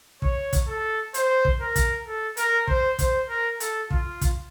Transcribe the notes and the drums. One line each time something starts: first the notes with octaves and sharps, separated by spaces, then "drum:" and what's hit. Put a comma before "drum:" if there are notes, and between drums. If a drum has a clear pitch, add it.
C#5, drum: kick
drum: kick, hi-hat
A4
C5, drum: hi-hat
drum: kick
A#4
drum: kick, hi-hat
A4
A#4, drum: hi-hat
C5, drum: kick
C5, drum: kick, hi-hat
A#4
A4, drum: hi-hat
F4, drum: kick
drum: kick, hi-hat